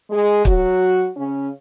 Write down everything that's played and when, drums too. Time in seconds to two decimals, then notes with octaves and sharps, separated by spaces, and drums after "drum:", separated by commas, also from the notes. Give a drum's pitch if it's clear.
0.10 G#3 G#4
0.45 F#3 F#4, drum: kick
1.16 C#3 C#4